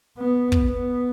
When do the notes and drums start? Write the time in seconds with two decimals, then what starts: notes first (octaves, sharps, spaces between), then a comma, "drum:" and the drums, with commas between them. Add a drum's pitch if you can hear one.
0.18 B3
0.52 drum: kick
0.66 B3